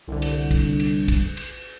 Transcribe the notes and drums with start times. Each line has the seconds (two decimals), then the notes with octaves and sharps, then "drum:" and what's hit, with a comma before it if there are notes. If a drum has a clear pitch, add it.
0.08 C2 D3
0.22 drum: cymbal
0.51 drum: kick, cymbal
0.80 drum: cymbal
1.08 drum: kick, cymbal
1.37 drum: cymbal